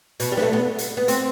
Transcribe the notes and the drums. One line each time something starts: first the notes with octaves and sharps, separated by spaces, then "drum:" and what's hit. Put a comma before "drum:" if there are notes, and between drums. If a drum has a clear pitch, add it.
B2, drum: hi-hat
G3
B3, drum: snare
A3
B3
drum: hi-hat
B3
C4, drum: hi-hat